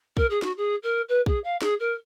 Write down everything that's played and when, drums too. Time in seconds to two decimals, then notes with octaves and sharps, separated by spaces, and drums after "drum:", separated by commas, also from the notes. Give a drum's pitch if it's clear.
0.17 A#4, drum: kick
0.30 G#4
0.42 F#4, drum: snare
0.57 G#4
0.83 A#4
1.08 B4
1.26 G#4, drum: kick
1.44 F5
1.62 G#4, drum: snare
1.79 A#4